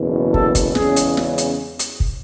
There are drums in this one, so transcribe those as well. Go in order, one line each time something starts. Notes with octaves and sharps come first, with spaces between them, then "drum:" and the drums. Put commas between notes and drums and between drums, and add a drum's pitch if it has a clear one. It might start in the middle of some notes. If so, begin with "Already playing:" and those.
Already playing: F#1 E2 B2
A4, drum: kick
drum: kick, hi-hat
E2 C#3 G#3 C#4 G#4, drum: snare
drum: hi-hat
drum: snare
drum: hi-hat
drum: hi-hat
drum: kick